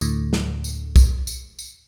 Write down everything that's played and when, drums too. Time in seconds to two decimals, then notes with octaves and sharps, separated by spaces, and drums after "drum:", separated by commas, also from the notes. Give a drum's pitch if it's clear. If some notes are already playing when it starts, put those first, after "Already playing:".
0.01 D2 A2, drum: tambourine
0.33 drum: snare
0.64 drum: tambourine
0.96 drum: kick B1, tambourine
1.27 drum: tambourine
1.59 drum: tambourine